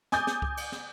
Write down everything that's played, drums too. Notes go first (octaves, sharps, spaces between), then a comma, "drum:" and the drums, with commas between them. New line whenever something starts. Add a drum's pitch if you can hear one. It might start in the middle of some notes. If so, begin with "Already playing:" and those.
G#5 D6 D#6 G6 A6, drum: snare
drum: snare
drum: kick C#2
drum: cymbal
drum: snare